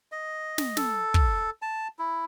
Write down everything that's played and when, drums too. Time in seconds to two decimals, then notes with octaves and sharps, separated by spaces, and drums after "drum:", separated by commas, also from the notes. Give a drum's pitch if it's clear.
0.12 D#5
0.58 drum: snare
0.77 A4, drum: snare
1.14 drum: kick
1.62 A5
1.99 E4